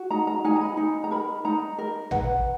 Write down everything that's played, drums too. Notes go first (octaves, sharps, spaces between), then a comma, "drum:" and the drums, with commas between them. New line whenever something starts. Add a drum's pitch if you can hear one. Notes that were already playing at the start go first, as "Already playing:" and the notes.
Already playing: F#4
D#4 A#5
A#5
D#4 G#5
A#5
B5
D#4
A#5
A#4 B5
D#4 A#5
A#4
B4 F#5, drum: tom